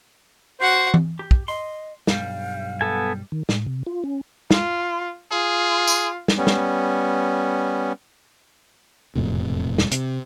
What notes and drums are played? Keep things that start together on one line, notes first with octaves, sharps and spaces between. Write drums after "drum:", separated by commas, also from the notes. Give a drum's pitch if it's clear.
F#4 C5 F#5
drum: tom E3
G4
drum: kick
D#5 C6
B1 G2 G3 F5, drum: snare
B3 A4 G#5
D#3
A2, drum: snare
C3
F4
C#4
F4, drum: snare
F4 G#4
drum: tambourine
drum: snare
G3 B3 C#4
drum: snare
E1 F2 A2 C3
drum: snare
C3, drum: hi-hat